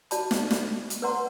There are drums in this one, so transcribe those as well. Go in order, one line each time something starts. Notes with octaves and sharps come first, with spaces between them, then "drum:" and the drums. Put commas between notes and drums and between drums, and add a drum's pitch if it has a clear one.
F#4 D5 A5 B5, drum: hi-hat
drum: snare
drum: snare
drum: hi-hat
B4 C5 D5 F#5 A#5 C6